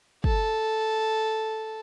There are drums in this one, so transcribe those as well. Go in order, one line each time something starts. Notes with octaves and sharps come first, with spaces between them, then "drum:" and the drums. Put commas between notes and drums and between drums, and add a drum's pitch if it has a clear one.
A4, drum: kick